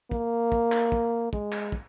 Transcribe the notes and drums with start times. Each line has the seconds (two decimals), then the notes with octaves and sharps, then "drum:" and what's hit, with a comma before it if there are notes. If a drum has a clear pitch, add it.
0.11 A#3, drum: kick
0.52 drum: kick
0.72 drum: clap
0.92 drum: kick
1.33 G#3, drum: kick
1.52 drum: clap
1.72 drum: kick